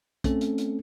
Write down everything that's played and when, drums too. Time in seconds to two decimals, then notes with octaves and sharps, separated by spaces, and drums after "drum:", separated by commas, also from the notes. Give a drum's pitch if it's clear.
0.24 A3 C4 C#4 A4, drum: kick, hi-hat
0.41 drum: hi-hat
0.58 drum: hi-hat